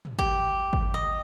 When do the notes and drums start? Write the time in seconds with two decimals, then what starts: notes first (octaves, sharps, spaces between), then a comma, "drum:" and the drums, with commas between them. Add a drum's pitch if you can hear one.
0.05 drum: tom
0.19 G4, drum: kick G#1
0.73 drum: kick G#1
0.94 D#5